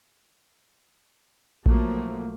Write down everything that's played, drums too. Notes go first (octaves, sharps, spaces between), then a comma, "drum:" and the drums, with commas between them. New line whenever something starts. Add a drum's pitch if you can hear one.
B1 F3 F#3 A3 A#3, drum: kick A#1